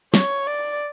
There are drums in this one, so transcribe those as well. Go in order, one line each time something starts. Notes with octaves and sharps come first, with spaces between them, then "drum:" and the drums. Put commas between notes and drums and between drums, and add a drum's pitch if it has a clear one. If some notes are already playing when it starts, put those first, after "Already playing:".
C#5, drum: snare
D5